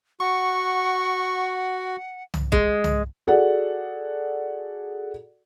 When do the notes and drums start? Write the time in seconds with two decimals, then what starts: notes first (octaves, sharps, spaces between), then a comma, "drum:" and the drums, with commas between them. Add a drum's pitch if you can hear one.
0.20 F#4 F#5 C#6
2.34 drum: tom C2
2.52 G#3, drum: kick C2
2.84 drum: tom C2
3.27 F#4 G#4 A4 D5 F#5